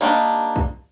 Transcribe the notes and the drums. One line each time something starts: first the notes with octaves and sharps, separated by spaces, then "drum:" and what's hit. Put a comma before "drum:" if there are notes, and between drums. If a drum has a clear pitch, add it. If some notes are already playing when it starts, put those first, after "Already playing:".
G3 A#3 D4 D#4
drum: kick